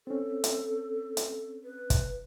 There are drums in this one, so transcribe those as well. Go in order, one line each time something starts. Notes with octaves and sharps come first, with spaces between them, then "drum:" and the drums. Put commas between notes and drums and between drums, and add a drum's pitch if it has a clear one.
C4 C#4 A4
drum: hi-hat
drum: hi-hat
B4
drum: kick, hi-hat